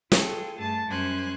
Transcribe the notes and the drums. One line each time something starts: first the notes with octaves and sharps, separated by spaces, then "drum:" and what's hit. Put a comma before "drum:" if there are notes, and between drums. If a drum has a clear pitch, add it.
F4 G#4 A4 G5, drum: snare
G2 A3 G#4 A5 A6
F#2 G3 C#4 C5 G#5 F#6